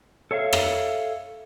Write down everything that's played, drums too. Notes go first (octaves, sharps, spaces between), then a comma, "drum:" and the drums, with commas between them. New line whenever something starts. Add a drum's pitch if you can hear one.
A4 C#5 E5 F5
drum: rim click